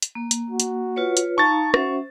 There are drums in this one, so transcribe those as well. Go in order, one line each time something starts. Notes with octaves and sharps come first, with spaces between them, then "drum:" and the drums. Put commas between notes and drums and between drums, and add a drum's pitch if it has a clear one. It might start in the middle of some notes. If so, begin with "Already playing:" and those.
drum: hi-hat
A#3
drum: hi-hat
F#4
drum: hi-hat
F4 B4 C#5
drum: hi-hat
D#4 F5 A5 A#5 C#6 A6
C#4 F#4 C5 E5, drum: rim click